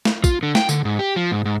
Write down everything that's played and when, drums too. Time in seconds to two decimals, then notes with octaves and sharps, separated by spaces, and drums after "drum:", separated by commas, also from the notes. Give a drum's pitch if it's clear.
0.05 drum: snare
0.24 F4, drum: kick, tambourine
0.43 D3
0.55 G5, drum: snare
0.69 D3, drum: tambourine
0.85 G#2
0.99 G4
1.16 F3
1.32 G#2
1.45 G#2